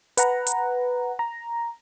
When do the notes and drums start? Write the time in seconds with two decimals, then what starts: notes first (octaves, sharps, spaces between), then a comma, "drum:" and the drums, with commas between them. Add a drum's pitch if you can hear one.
0.17 B4 F#5 A#5, drum: hi-hat
0.47 drum: hi-hat
1.19 A#5